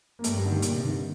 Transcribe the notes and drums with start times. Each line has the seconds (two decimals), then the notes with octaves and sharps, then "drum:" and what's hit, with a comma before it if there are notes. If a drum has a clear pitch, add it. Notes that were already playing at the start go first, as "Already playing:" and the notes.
0.19 A#3
0.24 G2 A3, drum: hi-hat
0.37 G3
0.45 D3
0.50 D#3
0.62 A#2, drum: hi-hat
0.75 C3
0.85 D#3
0.89 D3